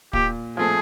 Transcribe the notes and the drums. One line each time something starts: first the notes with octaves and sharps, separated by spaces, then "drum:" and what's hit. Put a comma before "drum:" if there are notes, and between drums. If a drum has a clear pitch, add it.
A#2 G4, drum: kick
F3 A3 C4 G#4